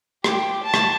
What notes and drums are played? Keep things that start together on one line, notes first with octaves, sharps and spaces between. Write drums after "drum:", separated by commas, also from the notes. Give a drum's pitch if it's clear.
G4, drum: rim click
A5
drum: rim click